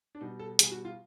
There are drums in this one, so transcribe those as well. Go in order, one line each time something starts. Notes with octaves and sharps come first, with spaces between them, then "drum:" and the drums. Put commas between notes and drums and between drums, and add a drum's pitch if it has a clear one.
D4
B2 G3 D#4
A4
B2 G3 G#4, drum: hi-hat
F#4
F4